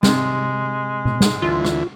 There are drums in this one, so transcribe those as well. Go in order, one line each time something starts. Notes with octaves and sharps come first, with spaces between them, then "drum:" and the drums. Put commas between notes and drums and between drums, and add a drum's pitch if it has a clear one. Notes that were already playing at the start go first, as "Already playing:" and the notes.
C3 G#3, drum: snare
drum: tom B2
drum: snare
D2 E3 F4
drum: rim click